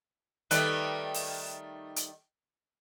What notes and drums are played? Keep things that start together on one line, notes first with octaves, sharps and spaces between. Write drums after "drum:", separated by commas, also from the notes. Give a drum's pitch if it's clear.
D#3 G3 A3 B4 D5 D#5, drum: hi-hat
drum: open hi-hat
drum: hi-hat